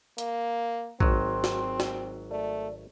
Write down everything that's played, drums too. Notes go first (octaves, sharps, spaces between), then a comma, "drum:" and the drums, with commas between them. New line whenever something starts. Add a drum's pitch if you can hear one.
A#3, drum: hi-hat
G#1 F#3 C4 C6, drum: kick
drum: snare
drum: snare
A3 D5